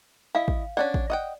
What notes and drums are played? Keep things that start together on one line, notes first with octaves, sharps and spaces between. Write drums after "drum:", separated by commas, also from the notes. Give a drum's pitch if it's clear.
E4 D#5 F5
drum: kick
C#4 D4 D5 F#5
drum: kick
D#5 F#5 G5